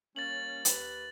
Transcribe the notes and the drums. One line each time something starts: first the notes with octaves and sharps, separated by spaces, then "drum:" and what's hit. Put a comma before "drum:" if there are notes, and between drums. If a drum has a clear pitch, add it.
G3 A#3 C#4 A6 F#7
D#2 B4, drum: hi-hat